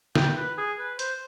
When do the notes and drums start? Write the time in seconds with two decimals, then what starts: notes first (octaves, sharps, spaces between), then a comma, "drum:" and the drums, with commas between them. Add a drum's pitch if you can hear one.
0.15 G5, drum: snare
0.36 B4
0.58 G#4
0.79 B4
0.99 C5, drum: hi-hat